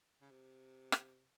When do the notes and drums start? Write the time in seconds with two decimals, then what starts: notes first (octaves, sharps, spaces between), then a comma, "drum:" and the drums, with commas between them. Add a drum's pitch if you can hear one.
0.21 C#3
0.31 C3
0.92 drum: rim click